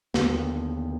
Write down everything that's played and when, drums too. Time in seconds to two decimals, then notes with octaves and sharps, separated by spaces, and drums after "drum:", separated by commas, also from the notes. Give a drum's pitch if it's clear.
0.14 D#2 D3 B3, drum: snare